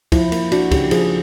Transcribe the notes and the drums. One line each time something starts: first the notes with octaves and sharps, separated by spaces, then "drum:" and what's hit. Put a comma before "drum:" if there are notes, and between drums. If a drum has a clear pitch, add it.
F3 E4, drum: kick, cymbal
A#3, drum: cymbal
D4 F#4, drum: cymbal
C#3 G4, drum: kick, cymbal
F3 G#4, drum: cymbal